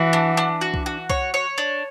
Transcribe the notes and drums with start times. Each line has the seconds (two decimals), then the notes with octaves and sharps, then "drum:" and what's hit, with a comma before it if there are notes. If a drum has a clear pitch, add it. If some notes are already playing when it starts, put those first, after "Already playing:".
Already playing: E3 F#4
0.13 D4
0.37 D4
0.61 F#4
0.74 drum: kick C2
0.86 F#4
1.10 C#5, drum: kick C2
1.34 C#5
1.58 D4